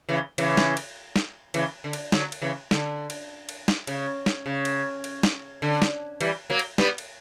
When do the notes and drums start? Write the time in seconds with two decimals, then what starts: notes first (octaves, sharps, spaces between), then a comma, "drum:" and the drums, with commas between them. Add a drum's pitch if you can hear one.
0.09 C#3 E3
0.38 C#3 E3, drum: cymbal
0.57 drum: snare
0.77 drum: cymbal
1.16 drum: snare
1.54 C#3 E3, drum: cymbal
1.84 D3
1.93 drum: cymbal
2.12 D3 F#3, drum: snare
2.32 drum: cymbal
2.41 C#3 E3
2.71 D3, drum: snare
3.10 drum: cymbal
3.49 drum: cymbal
3.68 drum: snare
3.87 C#3, drum: cymbal
4.26 drum: snare
4.46 C#3
4.65 drum: cymbal
5.04 drum: cymbal
5.23 drum: snare
5.62 D3
5.82 drum: snare
6.21 E3 G3, drum: cymbal
6.50 F#3 A#3
6.59 drum: cymbal
6.78 G3 B3, drum: snare
6.98 drum: cymbal